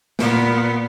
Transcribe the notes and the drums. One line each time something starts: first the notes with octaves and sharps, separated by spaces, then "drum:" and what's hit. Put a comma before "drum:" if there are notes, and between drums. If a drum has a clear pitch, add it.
A#2 B3, drum: snare